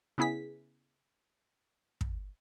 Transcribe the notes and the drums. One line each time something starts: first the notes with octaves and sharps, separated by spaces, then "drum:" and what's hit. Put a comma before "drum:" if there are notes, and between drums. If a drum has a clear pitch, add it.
C#3 B3 E4 G#4 B6
drum: kick